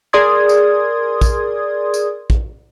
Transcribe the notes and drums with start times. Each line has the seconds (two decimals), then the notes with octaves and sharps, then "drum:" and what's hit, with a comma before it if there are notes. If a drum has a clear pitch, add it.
0.13 G#4 A#4 D5 C6 D#6 G#6
0.49 drum: tambourine
1.21 drum: kick, tambourine
1.94 drum: tambourine
2.30 drum: kick